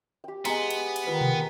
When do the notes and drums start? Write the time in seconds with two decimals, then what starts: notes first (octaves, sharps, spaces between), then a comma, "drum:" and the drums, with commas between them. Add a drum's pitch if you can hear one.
0.24 G4 G5
0.45 G#3 B3 G4 G#4 G5 A#5 C6, drum: cymbal
0.71 drum: cymbal
0.96 drum: cymbal
1.07 D#3 F4 B4
1.21 drum: tom B2